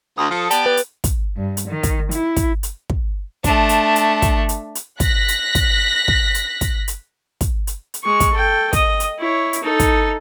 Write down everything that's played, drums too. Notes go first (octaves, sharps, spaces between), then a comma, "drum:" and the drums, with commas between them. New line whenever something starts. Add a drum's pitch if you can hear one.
D2 D#6
F3 A4
B3 G4 D5 A5, drum: hi-hat
B4
drum: hi-hat
drum: kick, hi-hat
G2
drum: hi-hat
D#3
drum: kick, hi-hat
E4, drum: hi-hat
drum: kick, hi-hat
drum: hi-hat
drum: kick
A3 D4, drum: kick, hi-hat
drum: hi-hat
drum: hi-hat
drum: kick, hi-hat
drum: hi-hat
drum: hi-hat
F#6 A#6 B6, drum: kick, hi-hat
drum: hi-hat
drum: kick, hi-hat
drum: kick
drum: hi-hat
drum: kick, hi-hat
drum: hi-hat
drum: kick, hi-hat
drum: hi-hat
drum: hi-hat
G#3 C#6
drum: kick, hi-hat
A4 G5
D#5 D#6, drum: kick, hi-hat
drum: hi-hat
E4 C#5
drum: hi-hat
D#4 A4
drum: kick, hi-hat